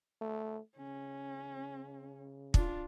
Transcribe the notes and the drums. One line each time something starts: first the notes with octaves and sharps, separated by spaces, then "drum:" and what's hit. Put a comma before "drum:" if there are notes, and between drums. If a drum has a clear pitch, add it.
A3
C#3 C#4
D4 F4, drum: kick